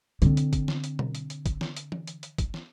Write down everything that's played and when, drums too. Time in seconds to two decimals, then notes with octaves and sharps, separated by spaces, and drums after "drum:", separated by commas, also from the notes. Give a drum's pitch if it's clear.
0.22 D3 C4, drum: hi-hat
0.37 drum: hi-hat
0.53 drum: kick, hi-hat
0.68 drum: snare
0.84 drum: hi-hat
0.99 drum: tom B2
1.15 drum: hi-hat
1.30 drum: hi-hat
1.46 drum: kick, hi-hat
1.61 drum: snare
1.77 drum: hi-hat
1.92 drum: tom E3
2.07 drum: hi-hat
2.23 drum: hi-hat
2.38 drum: kick, hi-hat
2.54 drum: snare